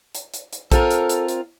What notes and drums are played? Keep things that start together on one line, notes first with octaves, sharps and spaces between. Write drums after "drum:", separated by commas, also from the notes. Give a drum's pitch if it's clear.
drum: hi-hat
drum: hi-hat
drum: hi-hat
C4 F4 A4 A#4, drum: kick A#1, hi-hat
drum: hi-hat
drum: hi-hat
drum: hi-hat